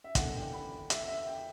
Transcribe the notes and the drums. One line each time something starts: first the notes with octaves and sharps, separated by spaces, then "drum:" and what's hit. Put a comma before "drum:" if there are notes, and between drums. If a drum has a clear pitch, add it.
E5
F#1 E2 D3 F#5, drum: kick, hi-hat
G5
B5
E5, drum: hi-hat
E5
G5